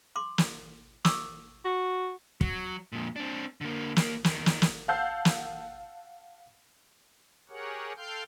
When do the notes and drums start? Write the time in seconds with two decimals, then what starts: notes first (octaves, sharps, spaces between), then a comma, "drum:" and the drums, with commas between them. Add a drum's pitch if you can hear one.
0.16 C6 D6
0.38 drum: snare
1.05 C#6 D6 E6, drum: snare
1.65 F#4
2.41 F#3, drum: kick
2.92 F2 A#2
3.16 C4 D4
3.61 D3 A#3
3.96 D#3 A#3, drum: snare
4.24 E2 D#3, drum: snare
4.46 drum: snare
4.62 drum: snare
4.88 F5 F#5 A5 E6 G6 C7
5.25 drum: snare
7.49 G4 G#4 A#4 C#5 F#5
7.97 A4 F5 G5 C6 F6 G6